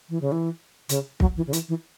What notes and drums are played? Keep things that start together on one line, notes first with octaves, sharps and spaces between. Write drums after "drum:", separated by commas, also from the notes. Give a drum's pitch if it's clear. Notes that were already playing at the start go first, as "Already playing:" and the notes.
E3
C#3
E3
C#3, drum: hi-hat
F#3, drum: kick
E3
C#3
E3, drum: hi-hat
E3